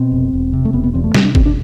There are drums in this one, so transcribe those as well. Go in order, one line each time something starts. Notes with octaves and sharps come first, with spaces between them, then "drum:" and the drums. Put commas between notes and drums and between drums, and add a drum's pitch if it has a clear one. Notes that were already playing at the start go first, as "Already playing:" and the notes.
Already playing: B2 C4
F1
E1
C3
A3
E1 B3
B3
E2 C4
A3
C3 G3, drum: snare
D4
E1 C4, drum: kick G1
D4